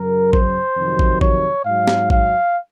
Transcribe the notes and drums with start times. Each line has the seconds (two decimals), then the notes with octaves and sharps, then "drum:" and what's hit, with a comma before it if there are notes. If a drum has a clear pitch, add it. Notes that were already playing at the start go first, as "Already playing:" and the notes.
Already playing: F#2 C#3 F#3 A#4
0.33 C5, drum: kick
0.77 F2 C3 D#3 F#3
0.99 drum: kick
1.21 C#5, drum: kick
1.65 G#2 F#3 F5
1.87 drum: snare
2.10 F5, drum: kick